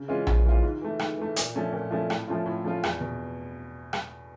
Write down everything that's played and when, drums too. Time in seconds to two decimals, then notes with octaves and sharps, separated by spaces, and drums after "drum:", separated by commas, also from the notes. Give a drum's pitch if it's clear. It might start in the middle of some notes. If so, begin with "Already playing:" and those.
Already playing: C#3
0.08 E3 G#3 C#4 F4
0.27 C#3, drum: tom A#1
0.45 E3 G#3 C#4 F4
0.63 G#2
0.82 E3 A3
0.99 G#2, drum: rim click
1.18 E3 A3
1.36 A#2, drum: hi-hat
1.55 F3 A3 C#4
1.73 A#2
1.91 F3 A3 C#4
2.10 A2, drum: rim click
2.28 F3 A3 C#4 F4
2.46 A2
2.65 F3 A3 C#4 F4
2.84 E2, drum: rim click
3.01 B2
3.93 drum: rim click